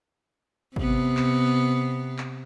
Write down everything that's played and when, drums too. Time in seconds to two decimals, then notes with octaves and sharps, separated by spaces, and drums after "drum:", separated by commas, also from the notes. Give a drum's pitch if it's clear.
0.76 C3 B3, drum: kick
1.17 drum: clap
2.18 drum: clap